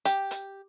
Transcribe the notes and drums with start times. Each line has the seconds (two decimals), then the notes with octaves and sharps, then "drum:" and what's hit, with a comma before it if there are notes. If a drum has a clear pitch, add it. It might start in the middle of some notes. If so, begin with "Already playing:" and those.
0.05 G4, drum: hi-hat
0.31 drum: hi-hat